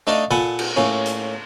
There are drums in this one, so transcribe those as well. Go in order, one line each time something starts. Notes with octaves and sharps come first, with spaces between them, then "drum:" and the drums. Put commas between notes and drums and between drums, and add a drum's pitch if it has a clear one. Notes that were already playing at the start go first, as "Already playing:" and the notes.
A3 D4 D#4 D5 D#5 F5
A#2 A4 F#5 G#5 B5
drum: cymbal
A2 A#3 C#4
drum: hi-hat